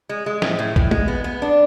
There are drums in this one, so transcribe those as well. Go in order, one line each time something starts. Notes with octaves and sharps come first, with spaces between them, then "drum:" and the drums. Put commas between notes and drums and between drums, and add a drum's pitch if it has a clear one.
G#3
G#3
A2, drum: snare
A2
A2, drum: kick A1
G#3, drum: tom
B3
B3
D4